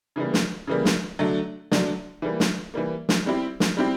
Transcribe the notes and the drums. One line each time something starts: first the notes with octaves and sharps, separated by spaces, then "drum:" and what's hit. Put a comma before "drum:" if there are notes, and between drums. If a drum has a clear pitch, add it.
C#3 E3 G3 A#3
drum: snare
C#3 E3 G3 A#3
drum: snare
D3 F#3 A3 D4
D3 F#3 A3 D4, drum: snare
E3 G3 A#3
drum: snare
E3 G3 A#3
drum: snare
G3 C4 E4 G4
drum: snare
G3 C4 E4 G4